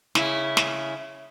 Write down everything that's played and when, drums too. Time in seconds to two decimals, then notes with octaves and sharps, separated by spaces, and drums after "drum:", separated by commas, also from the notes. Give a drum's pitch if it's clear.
0.15 C#3 E4, drum: snare
0.57 drum: snare